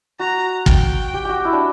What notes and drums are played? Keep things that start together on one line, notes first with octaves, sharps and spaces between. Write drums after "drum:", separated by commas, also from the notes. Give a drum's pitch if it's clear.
F#4 A#5
G5, drum: kick
G4
F#4 G4
E4
D4